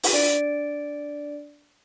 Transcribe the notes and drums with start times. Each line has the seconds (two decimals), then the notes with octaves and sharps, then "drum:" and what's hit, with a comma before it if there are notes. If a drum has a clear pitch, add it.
0.03 drum: open hi-hat
0.13 D4 D5 A6 D7